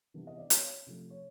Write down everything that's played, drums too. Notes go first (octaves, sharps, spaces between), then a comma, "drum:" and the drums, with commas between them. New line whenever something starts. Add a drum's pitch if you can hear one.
C3 E3 G3 B3 D4
D#5
D5
C#5, drum: hi-hat
C3 F3 A3
C#5